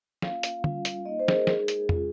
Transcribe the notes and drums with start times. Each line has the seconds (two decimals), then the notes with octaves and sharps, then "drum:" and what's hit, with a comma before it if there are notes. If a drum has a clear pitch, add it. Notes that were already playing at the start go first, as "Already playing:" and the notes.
0.22 A#3 C#4 F4 F5, drum: snare
0.43 drum: hi-hat
0.64 G3 C#4 F4, drum: tom
0.85 drum: hi-hat
1.05 A#3 D#4 D#5
1.19 C5
1.28 G#4, drum: snare
1.34 A#4
1.47 G#3 D#4 G#4, drum: snare
1.68 drum: hi-hat
1.89 G#3 C#4 F4, drum: tom E2